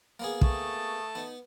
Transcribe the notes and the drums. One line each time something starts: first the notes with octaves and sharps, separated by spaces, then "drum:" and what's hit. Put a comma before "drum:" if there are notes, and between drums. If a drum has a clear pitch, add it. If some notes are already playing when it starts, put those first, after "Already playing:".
A#3 B3 G#4
A3 G5 A5 C#6 D#6, drum: kick
B3 D#4